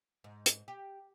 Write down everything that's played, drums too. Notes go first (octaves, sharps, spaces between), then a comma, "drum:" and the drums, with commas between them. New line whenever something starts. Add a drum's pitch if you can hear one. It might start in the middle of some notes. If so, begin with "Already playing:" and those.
G#2
drum: hi-hat
G4